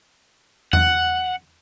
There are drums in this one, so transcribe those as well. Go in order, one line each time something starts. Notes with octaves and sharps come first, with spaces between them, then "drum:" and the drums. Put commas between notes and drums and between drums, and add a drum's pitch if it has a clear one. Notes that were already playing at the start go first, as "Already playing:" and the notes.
F#5, drum: tom E2